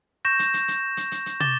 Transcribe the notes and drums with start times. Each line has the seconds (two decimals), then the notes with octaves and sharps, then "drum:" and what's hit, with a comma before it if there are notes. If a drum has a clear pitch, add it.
0.25 C#6 G6 A#6 E7
0.39 drum: hi-hat
0.54 drum: hi-hat
0.68 drum: hi-hat
0.97 drum: hi-hat
1.12 drum: hi-hat
1.26 drum: hi-hat
1.40 D6 A6 E7 G7, drum: tom